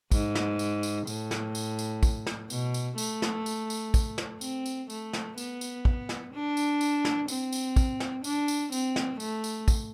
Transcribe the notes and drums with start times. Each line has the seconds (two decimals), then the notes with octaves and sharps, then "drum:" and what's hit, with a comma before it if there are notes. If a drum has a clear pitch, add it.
0.11 G#2, drum: kick, tambourine
0.35 drum: snare
0.59 drum: tambourine
0.83 drum: tambourine
1.07 A2, drum: tambourine
1.31 drum: snare
1.55 drum: tambourine
1.79 drum: tambourine
2.03 drum: kick, tambourine
2.27 drum: snare
2.50 B2, drum: tambourine
2.74 drum: tambourine
2.98 A3, drum: tambourine
3.22 drum: snare
3.46 drum: tambourine
3.70 drum: tambourine
3.94 drum: kick, tambourine
4.18 drum: snare
4.41 C4, drum: tambourine
4.66 drum: tambourine
4.90 A3, drum: tambourine
5.13 drum: snare
5.38 B3, drum: tambourine
5.61 drum: tambourine
5.85 drum: kick
6.09 drum: snare
6.33 D4
6.57 drum: tambourine
6.81 drum: tambourine
7.05 drum: snare
7.28 C4, drum: tambourine
7.52 drum: tambourine
7.76 drum: kick, tambourine
8.00 drum: snare
8.24 D4, drum: tambourine
8.48 drum: tambourine
8.72 C4, drum: tambourine
8.96 drum: snare
9.20 A3, drum: tambourine
9.44 drum: tambourine
9.68 drum: kick, tambourine